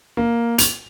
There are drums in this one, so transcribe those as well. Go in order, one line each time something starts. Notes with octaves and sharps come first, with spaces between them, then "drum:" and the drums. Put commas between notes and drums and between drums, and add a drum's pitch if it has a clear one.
A#3
F7, drum: hi-hat